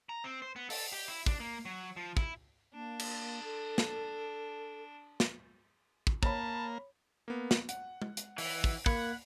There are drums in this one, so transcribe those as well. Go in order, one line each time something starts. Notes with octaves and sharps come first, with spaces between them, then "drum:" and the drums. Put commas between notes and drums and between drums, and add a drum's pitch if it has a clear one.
A#5
C4
C5
B3
A4, drum: open hi-hat
G4
E4
D4, drum: kick
A#3
F#3
F3
E4, drum: kick
A#3 D4
drum: cymbal
A4
drum: snare
drum: snare
drum: kick
A#3 C#5 A5 B5, drum: kick
A#3 B3
drum: snare
F#5, drum: hi-hat
drum: tom
drum: hi-hat
E3, drum: open hi-hat
drum: kick
A#3 F#5 B5 G#6, drum: kick